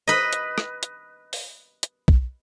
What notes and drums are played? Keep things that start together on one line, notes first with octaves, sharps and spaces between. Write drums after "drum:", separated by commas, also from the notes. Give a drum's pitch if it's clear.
B4 D#5
drum: hi-hat
drum: rim click
drum: hi-hat
drum: open hi-hat
drum: hi-hat
drum: kick